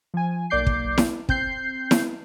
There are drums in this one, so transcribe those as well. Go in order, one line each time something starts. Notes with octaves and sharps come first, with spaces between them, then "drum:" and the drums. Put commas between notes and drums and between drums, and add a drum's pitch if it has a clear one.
F3 G#5
B1 A#3 D5 D6 G6 C7
drum: kick
drum: snare E4
C4 G6 C7, drum: kick
drum: snare E4